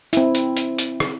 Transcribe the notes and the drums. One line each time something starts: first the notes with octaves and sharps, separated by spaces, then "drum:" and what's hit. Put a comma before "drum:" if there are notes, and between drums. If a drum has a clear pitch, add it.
C4 E4, drum: hi-hat
drum: hi-hat
drum: hi-hat
drum: hi-hat
drum: rim click